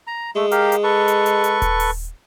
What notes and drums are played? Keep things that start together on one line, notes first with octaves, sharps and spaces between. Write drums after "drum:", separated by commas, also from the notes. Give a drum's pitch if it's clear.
A#5
G#3 A3
G4 A#4 F5, drum: hi-hat
drum: hi-hat
A4 B4 C#6
drum: hi-hat
drum: hi-hat
drum: hi-hat
drum: kick D#1, hi-hat
drum: open hi-hat